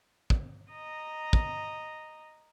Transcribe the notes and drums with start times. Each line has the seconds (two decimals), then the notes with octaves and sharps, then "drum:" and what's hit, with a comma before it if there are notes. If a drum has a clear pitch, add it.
0.30 drum: kick
0.71 D#5 A#5
1.33 drum: kick